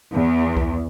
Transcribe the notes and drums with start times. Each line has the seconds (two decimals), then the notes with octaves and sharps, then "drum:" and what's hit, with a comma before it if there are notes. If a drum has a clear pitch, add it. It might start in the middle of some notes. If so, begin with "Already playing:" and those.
0.13 E2
0.57 drum: kick C2